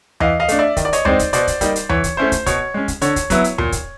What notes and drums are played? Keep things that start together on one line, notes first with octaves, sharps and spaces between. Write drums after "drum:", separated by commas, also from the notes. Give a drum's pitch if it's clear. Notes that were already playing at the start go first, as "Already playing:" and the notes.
E3 D#5 F5, drum: tom E2
D#5 F5
A3 D4, drum: hi-hat
D5 E5
D#3 D#5, drum: kick, hi-hat
D5
C#5 D#5, drum: hi-hat
G#3 C4 D#4 C5 D5, drum: tom E2
drum: kick, hi-hat
B2 C5 D5, drum: hi-hat
drum: kick, hi-hat
G3 A#3 D#4, drum: kick, hi-hat
drum: hi-hat
E3 C#5, drum: tom E2
drum: kick, hi-hat
A3 C#4 E4 C5
drum: kick, hi-hat
B2 C#5, drum: kick, hi-hat
G#3 C#4
drum: kick, hi-hat
D3 C#5, drum: hi-hat
drum: kick, hi-hat
F#3 B3 E4, drum: kick, hi-hat
drum: hi-hat
A#2, drum: tom E2
drum: kick, hi-hat